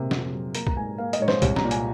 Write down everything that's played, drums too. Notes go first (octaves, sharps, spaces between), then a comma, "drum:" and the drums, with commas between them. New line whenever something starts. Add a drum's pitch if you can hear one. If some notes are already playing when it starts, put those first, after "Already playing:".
Already playing: C3 G#3 A#3
F2, drum: snare
F#3
A#3 A#5, drum: hi-hat
A#5, drum: kick
G#2 G#5
A#3 F5
D#5, drum: hi-hat
G#2 C#5
C5, drum: snare
C2 C#5, drum: kick, hi-hat
A#5, drum: snare
A#2
G#5, drum: hi-hat